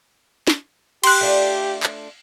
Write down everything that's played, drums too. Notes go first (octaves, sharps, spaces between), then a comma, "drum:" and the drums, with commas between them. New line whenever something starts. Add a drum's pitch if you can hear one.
drum: snare
G4 C6 F#6, drum: cymbal
A3 D4 F4
drum: clap